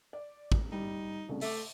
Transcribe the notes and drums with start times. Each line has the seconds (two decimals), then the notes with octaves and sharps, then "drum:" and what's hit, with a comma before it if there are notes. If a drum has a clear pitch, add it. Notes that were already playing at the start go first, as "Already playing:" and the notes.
0.13 D5
0.52 drum: kick
0.72 G3 D#4
1.29 C2 C#3 A3
1.41 A3 E5 D6, drum: open hi-hat